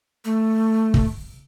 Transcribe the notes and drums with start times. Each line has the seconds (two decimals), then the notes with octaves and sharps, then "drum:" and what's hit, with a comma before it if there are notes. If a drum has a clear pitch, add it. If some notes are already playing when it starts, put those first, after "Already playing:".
0.25 A3
0.94 drum: kick